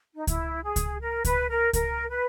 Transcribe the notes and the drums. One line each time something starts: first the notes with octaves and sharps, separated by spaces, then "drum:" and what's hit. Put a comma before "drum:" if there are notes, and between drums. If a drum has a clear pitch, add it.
D#4
E4, drum: kick C#2, hi-hat
G#4
drum: kick C#2, hi-hat
A#4
B4, drum: kick C#2, hi-hat
A#4
A#4, drum: kick C#2, hi-hat
B4